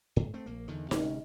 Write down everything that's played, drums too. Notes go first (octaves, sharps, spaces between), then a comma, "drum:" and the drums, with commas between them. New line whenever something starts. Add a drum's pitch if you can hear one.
G#2
A3 C4
A#1 A#3
E2 D3 D#3
D1 C3 G#3 C#4, drum: snare D#4